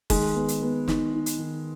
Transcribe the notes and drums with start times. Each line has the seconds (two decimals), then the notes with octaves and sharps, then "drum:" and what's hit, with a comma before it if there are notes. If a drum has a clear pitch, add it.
0.10 D#3 G#3, drum: kick F#1, open hi-hat
0.35 B3
0.48 drum: hi-hat
0.62 B3
0.88 D#4, drum: snare
1.13 D#4
1.26 drum: hi-hat
1.38 D#3